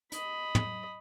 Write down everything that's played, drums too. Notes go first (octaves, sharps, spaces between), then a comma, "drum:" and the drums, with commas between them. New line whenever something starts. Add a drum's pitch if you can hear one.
D#5 B5, drum: hi-hat
drum: tom